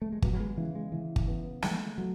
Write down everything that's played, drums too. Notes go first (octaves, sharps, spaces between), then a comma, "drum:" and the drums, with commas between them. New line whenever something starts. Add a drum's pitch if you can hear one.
A3
G#3
F#3 B3, drum: kick G1
F#3
G#3
C#3 E3
G#3
C#3 E3
drum: kick G1
B3
G#3 A3, drum: snare
F#3 A3